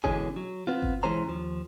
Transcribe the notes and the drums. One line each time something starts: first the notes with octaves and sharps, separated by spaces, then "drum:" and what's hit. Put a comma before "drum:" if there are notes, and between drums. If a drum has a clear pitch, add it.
B2 D3 E3 G#3 C#4 G#4, drum: kick G1
F#3
B3 C4 F4
drum: kick G1
B1 E3 G#3 C#4 C5 A#5
D#2 F3